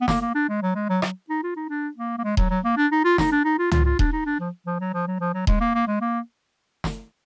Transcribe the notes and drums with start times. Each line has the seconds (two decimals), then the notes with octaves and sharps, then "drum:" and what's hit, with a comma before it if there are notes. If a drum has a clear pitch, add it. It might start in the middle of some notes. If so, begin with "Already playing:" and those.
0.01 B3
0.08 A#3, drum: snare
0.21 A#3
0.35 D4
0.49 G#3
0.62 F#3
0.75 G#3
0.89 F#3
1.02 F#3, drum: rim click
1.29 D#4
1.43 F4
1.56 D#4
1.69 D4
1.97 A#3
2.18 A#3
2.24 G#3
2.37 F#3, drum: kick D#1
2.50 F#3
2.64 A#3
2.77 D4
2.91 D#4
3.04 F4
3.18 D#4, drum: snare
3.32 D4
3.45 D#4
3.58 F4
3.71 F4, drum: tom
3.85 F4
3.99 D4, drum: kick D#1
4.12 D#4
4.26 D4
4.40 F3
4.66 F3
4.80 F#3
4.94 F3
5.07 F#3
5.20 F3
5.34 F#3
5.47 G#3, drum: kick D#1
5.61 A#3
5.75 A#3
5.87 G#3
6.01 A#3
6.84 drum: snare